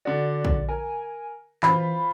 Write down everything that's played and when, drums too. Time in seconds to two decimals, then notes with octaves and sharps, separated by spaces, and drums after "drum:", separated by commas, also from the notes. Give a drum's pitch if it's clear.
0.05 D3 F#4 D5
0.45 drum: kick
0.69 A#4 G#5
1.63 E3 F4 C5 B5, drum: clap